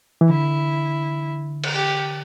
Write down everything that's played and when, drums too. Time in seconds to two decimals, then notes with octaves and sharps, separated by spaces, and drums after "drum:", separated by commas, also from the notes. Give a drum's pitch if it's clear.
0.21 E3
0.29 D3 E4
1.64 drum: cymbal
1.73 G4